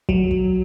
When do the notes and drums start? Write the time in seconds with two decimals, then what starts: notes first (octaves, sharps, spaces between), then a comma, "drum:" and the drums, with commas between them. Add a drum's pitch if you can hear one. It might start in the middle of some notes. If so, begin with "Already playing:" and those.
0.09 F#3, drum: kick
0.31 drum: kick